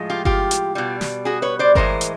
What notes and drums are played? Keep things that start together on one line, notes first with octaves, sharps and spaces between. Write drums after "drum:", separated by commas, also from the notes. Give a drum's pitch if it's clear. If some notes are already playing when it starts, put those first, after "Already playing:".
Already playing: A2 F3 G#3
F4 G4
F4 G4, drum: kick G1
drum: hi-hat
B2 G3
drum: snare
F#4 G#4
B4 C#5
C5 D5
A2 E3 G#3 A#4 C5, drum: kick G1
drum: hi-hat